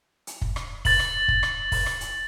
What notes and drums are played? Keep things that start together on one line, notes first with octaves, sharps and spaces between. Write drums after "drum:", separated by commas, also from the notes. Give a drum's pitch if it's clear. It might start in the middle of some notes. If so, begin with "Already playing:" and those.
drum: hi-hat
drum: kick
drum: rim click
A6 F#7, drum: kick, open hi-hat
drum: rim click
drum: kick
drum: rim click
drum: kick, open hi-hat
drum: rim click
drum: hi-hat